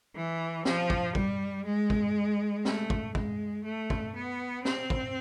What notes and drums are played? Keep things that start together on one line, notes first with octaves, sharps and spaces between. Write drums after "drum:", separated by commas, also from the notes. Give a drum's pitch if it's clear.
E3
F3, drum: snare
drum: kick
G3, drum: kick
G#3
drum: kick
A3, drum: snare
drum: kick
G#3, drum: kick
A3
drum: kick
B3
C4, drum: snare
drum: kick